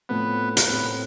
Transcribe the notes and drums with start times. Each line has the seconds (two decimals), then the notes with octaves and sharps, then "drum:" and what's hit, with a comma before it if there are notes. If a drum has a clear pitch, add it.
0.09 A2 F3 A3 B3 C4 F4
0.57 A#3, drum: hi-hat
0.67 A2 F3 A3 B3 C4 F4